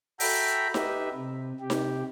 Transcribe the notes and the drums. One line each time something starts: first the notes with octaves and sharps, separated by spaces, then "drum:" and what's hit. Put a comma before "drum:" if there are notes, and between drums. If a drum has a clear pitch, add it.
F#4 A4 E5 G5 A#5 B5, drum: open hi-hat
D#4 G4 B4 E5, drum: snare D#4
C3
C3 G4
drum: snare D#4